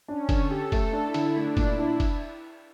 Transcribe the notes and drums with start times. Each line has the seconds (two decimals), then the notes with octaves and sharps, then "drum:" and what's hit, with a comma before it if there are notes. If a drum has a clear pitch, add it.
0.08 C#4 D4
0.29 D3, drum: kick, cymbal
0.40 A4
0.51 G4
0.72 A3 A4, drum: kick, cymbal
0.93 D4
1.04 E4
1.14 D3, drum: cymbal
1.36 A3 D4
1.57 A#2, drum: kick, cymbal
1.68 E4
1.79 D4
2.00 drum: kick, cymbal